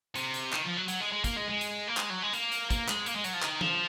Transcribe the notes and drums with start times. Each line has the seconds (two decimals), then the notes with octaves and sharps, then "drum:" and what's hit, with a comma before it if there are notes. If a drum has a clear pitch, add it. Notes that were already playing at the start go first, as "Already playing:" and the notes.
0.15 C3, drum: hi-hat
0.34 drum: hi-hat
0.53 D#3, drum: clap
0.64 F3
0.77 F#3
0.88 F#3, drum: hi-hat
1.00 G#3
1.12 G#3
1.24 A#3, drum: kick, hi-hat
1.36 G#3
1.49 G#3
1.61 drum: hi-hat
1.87 A#3
1.97 G#3, drum: clap
2.10 F#3
2.22 G#3
2.33 A#3, drum: hi-hat
2.52 drum: hi-hat
2.70 A#3, drum: kick, hi-hat
2.89 G#3, drum: clap
3.06 A#3, drum: hi-hat
3.15 G#3
3.24 F#3, drum: hi-hat
3.34 F3
3.42 D#3, drum: clap
3.61 F3, drum: tom E3